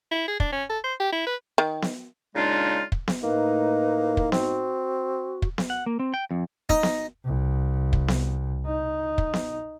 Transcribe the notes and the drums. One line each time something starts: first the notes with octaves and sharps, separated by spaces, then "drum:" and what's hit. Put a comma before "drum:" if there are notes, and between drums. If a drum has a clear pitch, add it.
E4
G#4
D4, drum: kick
C#4
A4
C5
G4
E4
B4
D#3
drum: snare B3
A#2 C#3 G#3 D4 D#4 F4
drum: kick
drum: snare B3
A2 A#3 D#4 B4
drum: kick
C4 F#4, drum: snare B3
drum: kick
drum: snare B3
F#5
A#3
C4
G5
F2
D#4, drum: kick
drum: snare B3
C2
drum: kick
drum: snare B3
D#4
drum: kick
drum: snare B3